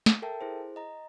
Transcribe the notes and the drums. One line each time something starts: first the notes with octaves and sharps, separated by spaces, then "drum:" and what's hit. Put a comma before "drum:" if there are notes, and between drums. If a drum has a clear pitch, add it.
drum: snare
A4 A#4 E5 G5 A5
E4 G#4 C5
D#5 A#5